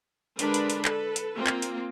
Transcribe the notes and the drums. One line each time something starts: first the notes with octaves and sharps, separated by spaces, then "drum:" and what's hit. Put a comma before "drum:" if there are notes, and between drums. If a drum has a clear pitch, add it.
D3 G#3 D4 A#4 B4 B5, drum: hi-hat
drum: hi-hat
drum: hi-hat
A4 B4, drum: clap
drum: hi-hat
A#3 C4 F4
drum: clap
drum: hi-hat